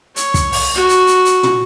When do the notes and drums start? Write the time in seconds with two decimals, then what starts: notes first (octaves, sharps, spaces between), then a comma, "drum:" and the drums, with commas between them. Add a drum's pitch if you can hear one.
0.16 C#5, drum: hi-hat
0.34 drum: kick, hi-hat
0.52 drum: open hi-hat
0.75 F#4
0.89 drum: hi-hat
1.07 drum: hi-hat
1.25 drum: hi-hat
1.43 drum: tom